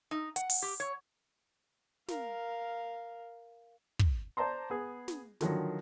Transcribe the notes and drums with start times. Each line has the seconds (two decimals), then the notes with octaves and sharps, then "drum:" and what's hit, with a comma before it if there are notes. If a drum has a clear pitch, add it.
0.11 D#4
0.36 F#5, drum: hi-hat
0.50 drum: open hi-hat
0.62 G4
0.80 C#5
2.08 A#4 F5, drum: snare
3.99 drum: kick
4.37 C5 D5 A5 A#5 C6
4.70 B3 G#4
5.08 drum: snare
5.41 D3 D#3 F3 F#3, drum: snare